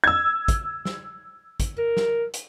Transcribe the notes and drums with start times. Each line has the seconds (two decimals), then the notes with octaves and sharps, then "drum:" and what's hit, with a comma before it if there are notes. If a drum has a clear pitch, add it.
0.04 E6 G#6
0.48 drum: kick, hi-hat
0.85 drum: snare
1.60 drum: kick, hi-hat
1.78 A#4
1.97 drum: snare
2.34 drum: hi-hat